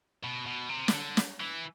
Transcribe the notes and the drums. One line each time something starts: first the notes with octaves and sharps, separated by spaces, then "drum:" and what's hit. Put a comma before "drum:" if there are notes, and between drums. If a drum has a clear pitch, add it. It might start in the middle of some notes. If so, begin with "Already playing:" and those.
B2
B2
C3
E3, drum: snare
D3
drum: snare
E3